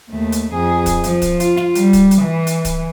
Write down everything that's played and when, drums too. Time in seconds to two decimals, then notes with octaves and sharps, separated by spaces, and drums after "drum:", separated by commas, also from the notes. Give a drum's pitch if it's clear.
0.11 D#2 A3
0.32 drum: hi-hat
0.54 F2 G#4
0.86 drum: kick, hi-hat
1.04 F3, drum: hi-hat
1.22 drum: kick, hi-hat
1.40 F4, drum: hi-hat
1.57 drum: snare
1.75 G3, drum: hi-hat
1.93 drum: kick, hi-hat
2.11 drum: hi-hat
2.22 E3
2.47 drum: hi-hat
2.65 drum: kick, hi-hat